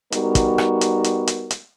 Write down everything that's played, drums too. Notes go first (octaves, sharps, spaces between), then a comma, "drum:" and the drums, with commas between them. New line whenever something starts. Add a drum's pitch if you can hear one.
G3 B3 D#4 F#4 A#4, drum: hi-hat
drum: kick, hi-hat
drum: rim click
drum: hi-hat
drum: hi-hat
drum: hi-hat
drum: hi-hat